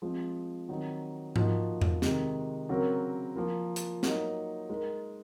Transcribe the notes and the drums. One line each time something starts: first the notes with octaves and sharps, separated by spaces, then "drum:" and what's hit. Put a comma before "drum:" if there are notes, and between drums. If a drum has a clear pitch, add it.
F3 G#3 C4
D#3 F#3 C4 D#4
F3 A#3 D#4 F#4, drum: tom G#2
drum: tom E2
C3 D#3 G#3 D#4, drum: snare
C#3 F#3 C4 F#4 A#4
F3 A#3 F4 A#4
drum: hi-hat
F#3 A#3 D#4, drum: snare
G#3 D#4 A#4